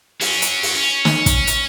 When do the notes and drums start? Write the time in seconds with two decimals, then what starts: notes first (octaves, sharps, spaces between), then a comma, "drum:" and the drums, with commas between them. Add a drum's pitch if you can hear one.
0.21 F#3 C#4, drum: open hi-hat
0.42 drum: hi-hat
0.63 drum: open hi-hat
0.77 C#4
1.05 drum: snare
1.26 drum: kick, hi-hat
1.47 drum: hi-hat